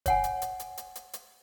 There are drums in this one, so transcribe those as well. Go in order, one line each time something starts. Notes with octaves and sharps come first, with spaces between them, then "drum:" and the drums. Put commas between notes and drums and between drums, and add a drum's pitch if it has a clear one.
C#5 F#5 G#5, drum: kick, hi-hat
drum: hi-hat
drum: hi-hat
drum: hi-hat
drum: hi-hat
drum: hi-hat
drum: hi-hat